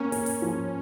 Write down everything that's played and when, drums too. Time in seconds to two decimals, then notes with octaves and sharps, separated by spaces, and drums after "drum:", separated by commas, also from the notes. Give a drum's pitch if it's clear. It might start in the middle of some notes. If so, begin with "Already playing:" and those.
Already playing: A#3 C#4
0.12 A#3, drum: open hi-hat
0.26 drum: open hi-hat
0.42 F3